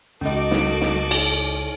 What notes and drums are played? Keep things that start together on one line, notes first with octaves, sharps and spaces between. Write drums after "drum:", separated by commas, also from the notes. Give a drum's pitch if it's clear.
C#2 C#4 D#4 F#4 A4 D#5 D6
drum: snare
drum: snare
drum: cymbal